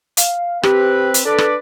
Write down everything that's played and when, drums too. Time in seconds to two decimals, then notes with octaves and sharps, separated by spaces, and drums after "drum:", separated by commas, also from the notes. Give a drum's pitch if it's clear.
0.17 F5, drum: hi-hat
0.63 C4 G4 B4, drum: rim click
1.14 drum: hi-hat
1.25 D4 A4 B4 D5
1.38 drum: rim click